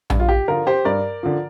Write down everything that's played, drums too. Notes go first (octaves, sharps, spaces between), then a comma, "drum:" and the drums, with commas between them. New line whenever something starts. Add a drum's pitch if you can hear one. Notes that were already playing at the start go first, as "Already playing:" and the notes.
G2, drum: tom A#1
F4
G4
D3 F3 F4 A#4
G4 C5
G2 A#4 D5
D3 F3